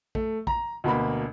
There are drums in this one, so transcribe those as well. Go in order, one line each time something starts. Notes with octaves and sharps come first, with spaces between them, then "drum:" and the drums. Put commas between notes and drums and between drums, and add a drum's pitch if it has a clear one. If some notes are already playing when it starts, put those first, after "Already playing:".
A3, drum: kick
A#5, drum: kick
D2 B2 A#3 B5